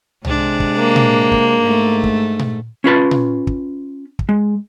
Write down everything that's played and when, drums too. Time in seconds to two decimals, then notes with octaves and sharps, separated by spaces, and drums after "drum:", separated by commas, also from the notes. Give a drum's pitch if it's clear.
0.25 C3 G#3 D4, drum: tom C2
0.60 drum: kick
0.78 A#3
0.96 drum: tom A#2
1.32 drum: kick
1.61 G#2 A3
2.03 drum: kick
2.39 drum: tom A#2
2.84 C#4 F4 B4 A5
3.11 drum: tom A#2
3.47 drum: kick
4.19 drum: kick
4.29 G#3